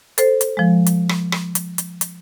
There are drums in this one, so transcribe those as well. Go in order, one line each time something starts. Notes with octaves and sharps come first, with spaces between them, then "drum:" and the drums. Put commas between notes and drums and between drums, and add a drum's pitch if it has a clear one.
A4 C5, drum: hi-hat
drum: hi-hat
F3 G#3
drum: hi-hat
drum: rim click
drum: rim click
drum: hi-hat
drum: hi-hat
drum: hi-hat